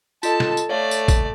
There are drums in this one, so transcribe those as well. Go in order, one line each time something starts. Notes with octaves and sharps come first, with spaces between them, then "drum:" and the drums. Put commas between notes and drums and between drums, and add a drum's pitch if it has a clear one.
F4 A4 D#5 A5, drum: tambourine
drum: snare
drum: tambourine
A3 C#5 D5 F5
drum: tambourine
drum: kick, tambourine